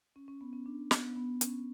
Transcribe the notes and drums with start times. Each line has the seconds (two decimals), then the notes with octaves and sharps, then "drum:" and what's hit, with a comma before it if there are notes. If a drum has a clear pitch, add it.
0.16 C#4
0.28 C#4
0.41 B3
0.53 C#4
0.66 D4
0.91 B3, drum: snare
1.16 B3
1.41 C#4, drum: hi-hat